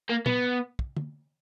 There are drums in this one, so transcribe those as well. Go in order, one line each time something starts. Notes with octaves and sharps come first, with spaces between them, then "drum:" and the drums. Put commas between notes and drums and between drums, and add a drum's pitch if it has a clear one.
A#3
B3, drum: tom
drum: kick
drum: tom